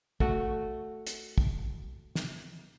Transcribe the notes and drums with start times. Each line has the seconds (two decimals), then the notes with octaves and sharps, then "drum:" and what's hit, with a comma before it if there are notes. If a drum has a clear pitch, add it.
0.20 A3 F#4 F#5, drum: kick
1.07 drum: hi-hat
1.38 drum: kick
2.15 drum: snare